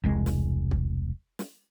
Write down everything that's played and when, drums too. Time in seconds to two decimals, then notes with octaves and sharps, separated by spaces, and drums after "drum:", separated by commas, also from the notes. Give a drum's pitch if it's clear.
0.04 E1 C2 G#3
0.26 drum: snare
0.71 drum: kick
1.39 drum: snare